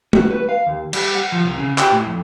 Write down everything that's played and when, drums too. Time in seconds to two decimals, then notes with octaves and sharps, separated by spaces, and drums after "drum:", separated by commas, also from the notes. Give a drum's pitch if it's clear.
0.13 F#4, drum: tom G#3
0.31 B4
0.49 F5
0.67 D#2
0.93 G3, drum: cymbal
1.15 F#5
1.32 F3
1.44 C2
1.58 C#3
1.78 G4, drum: clap
1.91 A2
2.07 F2